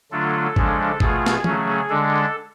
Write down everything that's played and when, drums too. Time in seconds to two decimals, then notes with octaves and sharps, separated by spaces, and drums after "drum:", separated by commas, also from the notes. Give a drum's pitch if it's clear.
0.12 D3 F#3 A3 D4 F4 A4
0.56 C#3 F3 G#3 D4, drum: kick G1
1.00 B2 A3 F4 G#4, drum: kick G1
1.26 drum: snare
1.44 C#3 F#3 A3 C#4, drum: tom
1.89 D3 G#3 D4 A4